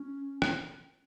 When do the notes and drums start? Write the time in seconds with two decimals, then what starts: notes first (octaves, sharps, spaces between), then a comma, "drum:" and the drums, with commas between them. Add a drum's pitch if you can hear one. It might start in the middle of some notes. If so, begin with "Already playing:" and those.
Already playing: C#4
0.42 drum: rim click